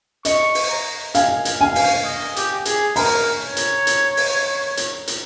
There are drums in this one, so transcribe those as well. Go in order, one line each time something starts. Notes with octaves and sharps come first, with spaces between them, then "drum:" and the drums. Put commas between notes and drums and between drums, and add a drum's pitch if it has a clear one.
D#5 C#6, drum: hi-hat
drum: open hi-hat
A#5
F5 G#5, drum: hi-hat
drum: hi-hat
F5 G#5
drum: open hi-hat
D#5
G4, drum: hi-hat
G#4, drum: hi-hat
A#4 A#5, drum: open hi-hat
C#5
drum: hi-hat
drum: hi-hat
drum: open hi-hat
drum: hi-hat
drum: hi-hat